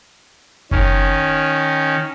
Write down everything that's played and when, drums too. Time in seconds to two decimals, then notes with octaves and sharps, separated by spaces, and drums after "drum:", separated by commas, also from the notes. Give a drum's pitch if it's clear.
0.71 D#3 C#4, drum: kick F#1